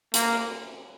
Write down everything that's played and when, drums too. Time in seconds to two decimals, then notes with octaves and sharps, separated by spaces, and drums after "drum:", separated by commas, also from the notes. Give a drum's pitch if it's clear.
0.14 A#3, drum: hi-hat